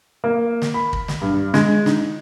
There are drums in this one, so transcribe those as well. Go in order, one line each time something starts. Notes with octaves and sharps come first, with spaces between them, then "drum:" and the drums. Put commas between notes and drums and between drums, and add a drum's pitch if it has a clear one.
A#3
drum: snare
B5
drum: kick
drum: snare
G2
G#3, drum: snare
D#4, drum: snare